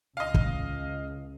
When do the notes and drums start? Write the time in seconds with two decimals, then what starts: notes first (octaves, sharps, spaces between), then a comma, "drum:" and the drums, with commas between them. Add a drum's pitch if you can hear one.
0.17 C#2 D#5 F5
0.34 drum: kick